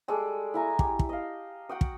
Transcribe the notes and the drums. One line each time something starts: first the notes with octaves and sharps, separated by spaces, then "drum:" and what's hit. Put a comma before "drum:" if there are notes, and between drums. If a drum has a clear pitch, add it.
G3 G#3 A4 D5
E4 G#5 A#5
G4, drum: kick
drum: kick
D#5 F5
F#4 F#5 G5 D#6
drum: kick